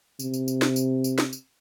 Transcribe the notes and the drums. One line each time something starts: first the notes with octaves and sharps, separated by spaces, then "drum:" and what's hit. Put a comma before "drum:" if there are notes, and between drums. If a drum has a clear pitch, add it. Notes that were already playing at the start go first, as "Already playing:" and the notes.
C3, drum: tambourine
drum: tambourine
drum: tambourine
drum: snare
drum: tambourine
drum: tambourine
drum: snare
drum: tambourine